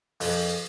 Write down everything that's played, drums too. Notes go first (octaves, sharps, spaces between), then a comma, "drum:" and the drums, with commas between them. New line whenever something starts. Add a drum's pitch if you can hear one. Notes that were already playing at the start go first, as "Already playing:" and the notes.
F2, drum: open hi-hat